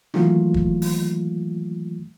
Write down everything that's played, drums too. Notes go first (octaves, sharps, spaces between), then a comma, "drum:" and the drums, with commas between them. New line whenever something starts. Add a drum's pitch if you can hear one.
D#3 E3 F#3 A3 A#3 F4, drum: snare
drum: kick
drum: open hi-hat